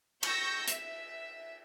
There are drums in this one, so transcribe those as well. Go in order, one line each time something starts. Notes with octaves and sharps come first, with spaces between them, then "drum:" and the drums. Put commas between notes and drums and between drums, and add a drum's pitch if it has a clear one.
C#6 E6 G6 A#6, drum: cymbal
E5, drum: hi-hat